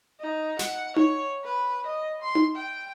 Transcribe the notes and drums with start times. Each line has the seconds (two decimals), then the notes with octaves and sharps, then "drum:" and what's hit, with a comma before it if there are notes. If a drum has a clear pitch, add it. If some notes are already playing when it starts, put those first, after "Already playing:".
0.20 D#4
0.59 F#5, drum: snare
0.96 C#5, drum: tom D#4
1.43 B4
1.86 D#5
2.22 C6
2.35 drum: tom D#4
2.56 G5